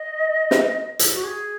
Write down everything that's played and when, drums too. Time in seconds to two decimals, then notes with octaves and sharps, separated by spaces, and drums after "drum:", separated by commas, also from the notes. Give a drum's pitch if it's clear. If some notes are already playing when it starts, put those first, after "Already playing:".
Already playing: D#5
0.51 drum: snare
0.99 drum: hi-hat
1.14 F#4
1.24 G#4